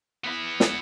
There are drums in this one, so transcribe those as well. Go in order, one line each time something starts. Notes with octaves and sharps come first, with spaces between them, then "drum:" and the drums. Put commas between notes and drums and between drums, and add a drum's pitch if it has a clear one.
B3 E4
drum: snare